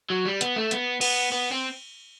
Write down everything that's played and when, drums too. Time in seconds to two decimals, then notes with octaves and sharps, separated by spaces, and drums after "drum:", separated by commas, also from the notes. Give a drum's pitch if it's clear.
0.10 F#3
0.25 G3
0.41 B3, drum: hi-hat
0.56 A3
0.71 B3, drum: hi-hat
1.01 B3, drum: cymbal
1.32 B3
1.52 C4